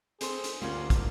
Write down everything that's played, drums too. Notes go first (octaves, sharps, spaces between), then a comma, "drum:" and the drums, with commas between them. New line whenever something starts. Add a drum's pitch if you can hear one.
C4 G#4 A4 C5, drum: hi-hat
drum: hi-hat
D2 G3 A#3 C#4 D4 F4
drum: kick, hi-hat